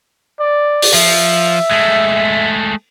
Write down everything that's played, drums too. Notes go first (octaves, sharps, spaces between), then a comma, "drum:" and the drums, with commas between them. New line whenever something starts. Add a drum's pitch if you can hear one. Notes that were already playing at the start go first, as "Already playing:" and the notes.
D5
drum: open hi-hat
F3 E5
G#3 A3